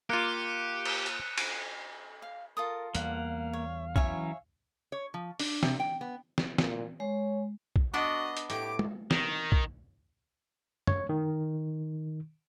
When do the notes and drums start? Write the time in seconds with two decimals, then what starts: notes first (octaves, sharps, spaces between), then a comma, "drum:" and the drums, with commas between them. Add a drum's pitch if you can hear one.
0.10 A#3 F4 G4 F#6 C#7 D#7
0.85 drum: cymbal
1.06 drum: hi-hat
1.38 drum: cymbal
2.22 F5
2.57 F4 A4 A#4 D#6
2.95 E2 G3 A#3 F5 F#5, drum: hi-hat
3.53 C#5
3.96 E3 F#3 C#4 C#5 E5 G#5, drum: kick A#1
4.92 C#5
5.14 F3
5.39 D4, drum: open hi-hat
5.63 C3, drum: snare
5.80 G5
6.01 B3
6.38 drum: snare
6.58 A#2, drum: snare
7.00 G#3 C#5
7.76 drum: kick A#1
7.94 B3 D4 F#4 D#5 F#5
8.37 drum: hi-hat
8.50 A2 G4 D6 D7, drum: hi-hat
8.79 drum: tom
9.11 D#3, drum: snare
9.52 drum: kick A#1
10.87 C#5, drum: tom
11.09 D#3